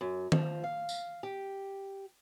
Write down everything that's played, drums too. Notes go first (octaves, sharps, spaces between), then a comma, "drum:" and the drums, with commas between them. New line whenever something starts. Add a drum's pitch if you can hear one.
F#2
F3, drum: tom D#3
F5
drum: tambourine
G4